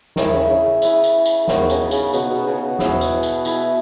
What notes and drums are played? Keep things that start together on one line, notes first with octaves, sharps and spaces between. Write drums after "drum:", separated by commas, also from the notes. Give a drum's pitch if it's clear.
D#3 E4 G#4 B4 E5, drum: snare
C#3
C#3
C#3
C#3 E4 G#4 B4 E5, drum: tambourine
drum: tambourine
drum: tambourine
D#3 B3 D#4 F#4, drum: snare
C#3, drum: tambourine
C#3, drum: tambourine
B2 B3 D#4 F#4, drum: tambourine
B2
C#3
B2
E4 G#4 B4, drum: snare
drum: tambourine
drum: tambourine
E4 G#4 B4, drum: tambourine